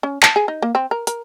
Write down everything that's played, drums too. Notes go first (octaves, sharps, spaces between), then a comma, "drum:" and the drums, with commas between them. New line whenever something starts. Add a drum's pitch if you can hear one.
C#4
A5, drum: clap
G#4
D#4
A#3
C4
A#4
A#4, drum: hi-hat